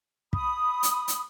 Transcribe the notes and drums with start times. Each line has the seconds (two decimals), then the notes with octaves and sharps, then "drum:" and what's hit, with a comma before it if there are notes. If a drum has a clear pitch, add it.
0.33 B5 D#6, drum: kick
0.83 drum: hi-hat
1.08 drum: hi-hat